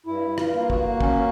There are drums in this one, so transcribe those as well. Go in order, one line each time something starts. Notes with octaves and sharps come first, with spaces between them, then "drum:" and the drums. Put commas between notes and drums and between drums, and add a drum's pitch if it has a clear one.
G2 E4
G2
F4, drum: rim click
A#3
F#4, drum: kick
A#3
C#4, drum: kick